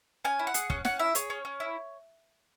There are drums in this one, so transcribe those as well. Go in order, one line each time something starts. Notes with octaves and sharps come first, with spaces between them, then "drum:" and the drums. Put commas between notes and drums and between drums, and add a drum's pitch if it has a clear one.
C#4 G#5
E4
F#5
G#4, drum: hi-hat
C#4 F#5, drum: kick
C#4 F#5, drum: snare
E4 E5
G#4 C#5, drum: hi-hat
C#4
C#4
E4